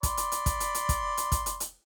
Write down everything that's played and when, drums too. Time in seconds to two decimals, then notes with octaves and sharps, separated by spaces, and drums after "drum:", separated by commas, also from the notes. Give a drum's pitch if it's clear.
0.03 D5 B5 C6, drum: kick, hi-hat
0.17 drum: hi-hat
0.32 drum: hi-hat
0.46 drum: kick, hi-hat
0.60 drum: hi-hat
0.75 drum: hi-hat
0.89 drum: kick, hi-hat
1.17 drum: hi-hat
1.32 drum: kick, hi-hat
1.46 drum: hi-hat
1.60 drum: hi-hat